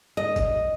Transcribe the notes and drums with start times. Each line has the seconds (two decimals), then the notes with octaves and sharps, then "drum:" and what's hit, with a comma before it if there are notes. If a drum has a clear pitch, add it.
0.17 D#5
0.36 drum: kick, hi-hat